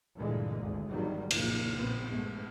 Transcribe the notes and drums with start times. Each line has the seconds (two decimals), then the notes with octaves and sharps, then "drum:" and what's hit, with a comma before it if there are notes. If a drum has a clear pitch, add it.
0.16 D2 G2 A#2 D3 E3 G#3
0.59 G#1 D2 G#2
0.89 G#1 E2 D#3 F#3 G3
1.31 F#1 C2 A#2 C#3 F3 A#3, drum: cymbal
1.74 A#1 A#2 B3 C4
2.09 G#2 A3 B3